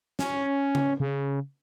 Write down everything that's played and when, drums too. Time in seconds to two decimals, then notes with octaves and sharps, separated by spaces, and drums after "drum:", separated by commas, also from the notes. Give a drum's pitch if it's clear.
0.19 C#4, drum: snare
0.75 drum: tom C#3
1.00 C#3